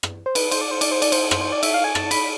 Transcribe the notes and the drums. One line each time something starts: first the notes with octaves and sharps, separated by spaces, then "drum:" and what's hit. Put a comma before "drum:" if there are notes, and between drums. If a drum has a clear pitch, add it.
drum: rim click
C5
B4, drum: cymbal
C5, drum: cymbal
D5
C5
D5, drum: cymbal
C5
D5, drum: cymbal
C5, drum: cymbal
C5, drum: rim click
C5
D5
E5, drum: cymbal
F5
G#5
A5, drum: rim click
B5, drum: cymbal